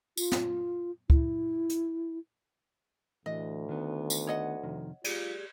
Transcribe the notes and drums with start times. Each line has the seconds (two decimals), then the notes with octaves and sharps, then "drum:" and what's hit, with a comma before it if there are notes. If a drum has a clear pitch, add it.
0.17 F4, drum: tambourine
0.32 drum: snare
1.10 E4, drum: kick C#2
1.70 drum: hi-hat
3.26 D2 A2 E3 D#5
3.69 D#3 B3
4.10 drum: tambourine
4.27 C#5 D#5 F#5
4.63 F2 C3 D#3
5.04 F4 G4 G#4 D5, drum: cymbal